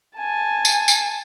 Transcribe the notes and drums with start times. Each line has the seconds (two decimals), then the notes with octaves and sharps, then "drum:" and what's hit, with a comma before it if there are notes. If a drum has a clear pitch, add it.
0.18 G#5 A5
0.65 drum: tambourine
0.88 drum: tambourine